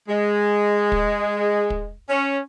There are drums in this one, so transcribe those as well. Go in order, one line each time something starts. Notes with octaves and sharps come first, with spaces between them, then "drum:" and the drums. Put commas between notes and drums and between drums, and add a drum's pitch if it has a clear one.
G#3
drum: kick
drum: kick
C#4